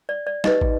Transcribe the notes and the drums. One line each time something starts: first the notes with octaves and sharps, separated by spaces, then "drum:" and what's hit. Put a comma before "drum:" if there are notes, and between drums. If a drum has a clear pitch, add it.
D5
D5
D#4 G4 B4 D#5, drum: snare
drum: kick